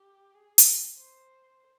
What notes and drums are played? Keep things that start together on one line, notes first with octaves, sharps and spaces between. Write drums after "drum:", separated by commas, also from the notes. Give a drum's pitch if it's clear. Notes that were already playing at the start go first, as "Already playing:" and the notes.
Already playing: G4
G#4
drum: hi-hat
C5